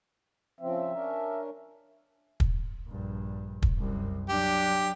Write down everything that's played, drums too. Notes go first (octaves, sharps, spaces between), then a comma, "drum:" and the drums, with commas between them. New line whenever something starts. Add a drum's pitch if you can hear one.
C#3 F3 C4 E5
C#4 D4 A#4
drum: kick
A#1 G2
drum: kick
C2 F#2
F#3 D4 G4